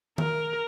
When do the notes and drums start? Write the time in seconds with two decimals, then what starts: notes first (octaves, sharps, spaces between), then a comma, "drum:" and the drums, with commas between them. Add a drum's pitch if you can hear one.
0.18 A#4, drum: tom D#3